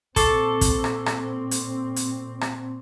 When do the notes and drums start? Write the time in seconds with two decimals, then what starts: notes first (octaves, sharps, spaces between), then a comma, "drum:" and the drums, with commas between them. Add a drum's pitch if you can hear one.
0.16 A#2 C4 A4 C#6 D6 C7, drum: kick, hi-hat
0.61 drum: kick, hi-hat
0.84 drum: rim click
1.06 drum: rim click
1.51 drum: hi-hat
1.96 drum: hi-hat
2.41 drum: rim click